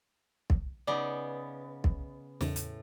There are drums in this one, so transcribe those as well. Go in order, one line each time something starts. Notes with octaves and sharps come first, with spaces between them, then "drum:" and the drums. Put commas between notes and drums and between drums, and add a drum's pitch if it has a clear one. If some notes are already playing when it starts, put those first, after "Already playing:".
drum: kick
C#3 B3 D#4 D5
drum: kick
E2 A2 C#3, drum: snare
drum: hi-hat